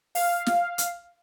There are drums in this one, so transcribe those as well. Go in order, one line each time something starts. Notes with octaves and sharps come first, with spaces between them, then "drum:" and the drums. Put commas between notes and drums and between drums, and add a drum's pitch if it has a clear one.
F5, drum: open hi-hat
drum: snare
drum: hi-hat